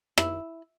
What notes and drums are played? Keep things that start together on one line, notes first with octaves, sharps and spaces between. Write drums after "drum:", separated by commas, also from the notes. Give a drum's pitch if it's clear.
E4, drum: rim click